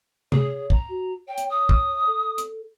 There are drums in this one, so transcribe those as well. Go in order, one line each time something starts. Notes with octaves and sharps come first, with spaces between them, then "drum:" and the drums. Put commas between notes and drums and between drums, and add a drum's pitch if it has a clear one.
G#4 C#5, drum: tom
A#5, drum: kick
F#4
C#5 G5
drum: hi-hat
D#6
drum: kick
A4
drum: hi-hat